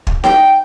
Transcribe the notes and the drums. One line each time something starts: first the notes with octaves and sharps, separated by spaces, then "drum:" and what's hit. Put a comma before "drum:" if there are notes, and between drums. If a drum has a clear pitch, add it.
drum: kick
G5, drum: snare D#4